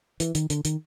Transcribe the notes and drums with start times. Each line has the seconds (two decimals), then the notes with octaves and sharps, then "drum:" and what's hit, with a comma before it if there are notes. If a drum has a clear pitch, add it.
0.20 E3, drum: hi-hat
0.35 D#3, drum: hi-hat
0.50 D3, drum: hi-hat
0.65 D#3, drum: hi-hat